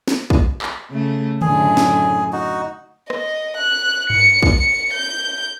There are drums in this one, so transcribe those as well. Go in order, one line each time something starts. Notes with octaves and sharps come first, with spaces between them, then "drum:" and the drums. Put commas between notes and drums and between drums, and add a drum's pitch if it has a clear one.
drum: snare
drum: kick
drum: clap
C#3 A3
F#2 A2 D3 G#4, drum: tom D3
drum: snare
D#4 F#4
D#5, drum: rim click
F#6
C#7, drum: tom G2
C#7, drum: kick
G6